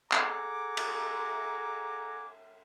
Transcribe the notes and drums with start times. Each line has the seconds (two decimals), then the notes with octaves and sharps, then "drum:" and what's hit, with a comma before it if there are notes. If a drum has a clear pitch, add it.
0.12 G#4 A4 F#5 G#5 A#5 D6, drum: clap
0.77 drum: cymbal